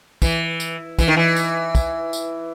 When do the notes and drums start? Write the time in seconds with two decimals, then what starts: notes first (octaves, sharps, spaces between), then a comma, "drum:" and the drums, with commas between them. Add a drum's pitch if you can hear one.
0.22 E3, drum: kick, tambourine
0.60 drum: tambourine
0.99 E3, drum: kick, tambourine
1.08 D#3
1.17 E3
1.36 drum: tambourine
1.75 drum: kick, tambourine
2.13 drum: tambourine